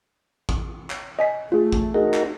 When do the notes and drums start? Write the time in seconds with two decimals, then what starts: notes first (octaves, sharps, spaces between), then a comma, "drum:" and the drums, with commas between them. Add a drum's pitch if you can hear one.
0.49 drum: kick A1
0.90 drum: clap
1.19 D#5 G#5 B6
1.52 A3 F4 G#4
1.72 drum: kick A1
1.94 D#4 F#4 G#4 A#4
2.14 drum: clap